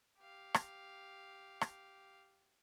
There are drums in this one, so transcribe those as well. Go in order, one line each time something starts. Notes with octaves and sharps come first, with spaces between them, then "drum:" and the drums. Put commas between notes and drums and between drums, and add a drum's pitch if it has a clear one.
G4 F5
drum: rim click
drum: rim click